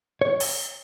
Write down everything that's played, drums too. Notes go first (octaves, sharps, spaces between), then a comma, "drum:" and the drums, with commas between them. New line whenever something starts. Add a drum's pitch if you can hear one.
C#5
drum: open hi-hat